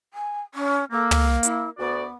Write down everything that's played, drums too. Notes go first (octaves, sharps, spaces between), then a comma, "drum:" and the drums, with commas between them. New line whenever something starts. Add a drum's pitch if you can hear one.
G#5
C#4
A#3 A4
drum: tom
E4, drum: hi-hat
D2 B3 F#4 D5